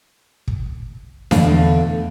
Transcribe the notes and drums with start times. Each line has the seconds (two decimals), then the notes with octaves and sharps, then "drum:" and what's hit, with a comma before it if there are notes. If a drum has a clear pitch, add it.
0.48 drum: kick
1.31 E2 B2 D3 A3 A4 F5, drum: snare D4